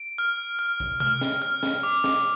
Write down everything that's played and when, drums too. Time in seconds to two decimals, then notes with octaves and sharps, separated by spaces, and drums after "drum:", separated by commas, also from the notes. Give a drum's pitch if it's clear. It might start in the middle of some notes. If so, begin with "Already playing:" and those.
Already playing: D7
0.18 F6
0.59 F6
0.80 drum: kick
1.00 F6, drum: tom C3
1.21 drum: snare
1.42 F6
1.63 drum: snare
1.83 D6
2.04 drum: snare